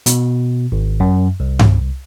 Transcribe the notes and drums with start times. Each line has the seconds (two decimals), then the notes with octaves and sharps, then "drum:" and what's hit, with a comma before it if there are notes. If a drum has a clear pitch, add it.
0.06 B2, drum: hi-hat
0.72 G#1
1.00 F#2
1.40 C2
1.59 drum: tom G2